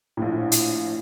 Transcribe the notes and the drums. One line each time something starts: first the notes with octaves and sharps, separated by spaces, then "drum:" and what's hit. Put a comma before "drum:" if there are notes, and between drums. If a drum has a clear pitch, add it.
A#1 A2
drum: hi-hat